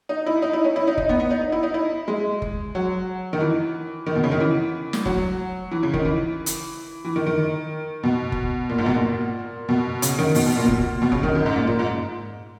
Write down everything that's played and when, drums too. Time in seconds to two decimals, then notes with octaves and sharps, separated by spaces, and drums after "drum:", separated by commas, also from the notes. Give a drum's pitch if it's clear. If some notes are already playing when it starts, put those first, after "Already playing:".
0.09 D#4
0.26 E4
0.42 D#4
0.53 E4
0.64 C#4
0.76 E4
0.87 D#4
0.97 D#4, drum: kick F#1
1.09 B3
1.20 B3
1.31 D#4
1.52 E4
1.63 D#4
1.74 E4
2.08 G#3
2.42 drum: kick F#1
2.75 F#3
3.33 D#3
3.40 E3
4.06 D#3
4.15 B2
4.24 C#3
4.32 D#3
4.40 E3
4.93 drum: snare
5.06 F#3, drum: kick F#1
5.71 E3
5.83 C#3
5.94 D#3, drum: kick F#1
6.05 E3
6.46 drum: hi-hat
7.05 E3
7.16 D#3
7.26 D#3
8.03 B2
8.32 drum: kick F#1
8.69 A#2
8.78 G#2
8.86 B2
8.95 A#2
9.69 B2
10.02 C#3, drum: hi-hat
10.19 D#3
10.35 B2, drum: open hi-hat
10.46 B2
10.57 A#2
10.64 B2
10.68 A#2, drum: kick F#1
11.02 B2
11.12 C#3, drum: kick F#1
11.23 D#3
11.35 F#2
11.46 G#2
11.56 A#2
11.67 A#2
11.79 G#2